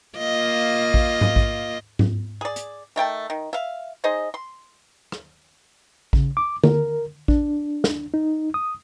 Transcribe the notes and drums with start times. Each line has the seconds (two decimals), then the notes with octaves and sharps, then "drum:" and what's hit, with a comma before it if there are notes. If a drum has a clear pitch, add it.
0.18 A#3 F4 D#5
0.94 drum: kick A1
1.21 drum: tom G#2
1.36 drum: kick A1
1.99 drum: tom G#2
2.41 G#4 D5
2.56 drum: hi-hat
2.96 D#3 A3 G5 A5
3.30 D#3
3.53 E5 F5
4.04 D#4 G#4 C5 D#5
4.34 C6
5.12 drum: rim click
6.13 C#3, drum: kick A1
6.37 D6
6.64 A#4, drum: tom D3
7.28 D4, drum: kick A1
7.84 drum: snare
8.14 D#4
8.54 D#6